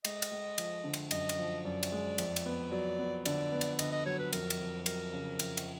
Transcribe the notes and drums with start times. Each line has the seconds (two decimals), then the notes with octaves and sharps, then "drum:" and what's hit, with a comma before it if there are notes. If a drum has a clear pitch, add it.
0.05 G#3 D#5, drum: cymbal
0.22 drum: cymbal
0.31 G#3
0.58 F3, drum: cymbal
0.84 D3
0.94 drum: cymbal
1.11 F#2 D#5, drum: cymbal
1.29 drum: cymbal
1.39 F3
1.65 F#2 D5
1.83 drum: cymbal
1.92 G#3
2.18 F2, drum: cymbal
2.36 drum: cymbal
2.46 B3
2.72 F#3 D5
2.99 B3
3.25 D3 D5, drum: cymbal
3.52 B3
3.61 drum: cymbal
3.79 D3 D#5, drum: cymbal
3.92 D#5
4.06 F#3 C#5
4.19 B4
4.33 F2 A#4, drum: cymbal
4.50 drum: cymbal
4.60 F2
4.86 F#3 A#4, drum: cymbal
5.13 C#3
5.39 F2, drum: cymbal
5.57 drum: cymbal